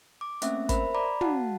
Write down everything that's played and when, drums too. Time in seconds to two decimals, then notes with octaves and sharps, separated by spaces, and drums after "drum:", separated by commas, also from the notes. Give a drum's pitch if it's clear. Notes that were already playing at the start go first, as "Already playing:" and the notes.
0.21 D6
0.42 A3 A#3 C4 C#4 E5, drum: hi-hat
0.69 A#4 C5 E5 B5, drum: kick, hi-hat
0.95 D5 A#5 B5 D6
1.21 F#4 F5 F#5 A5, drum: tom